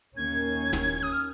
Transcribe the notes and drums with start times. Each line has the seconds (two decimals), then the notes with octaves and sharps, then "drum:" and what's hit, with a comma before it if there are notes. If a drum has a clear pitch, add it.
0.17 D#2 D#3 A#3 C#4 G#6
0.73 drum: snare
1.03 D#6
1.13 F6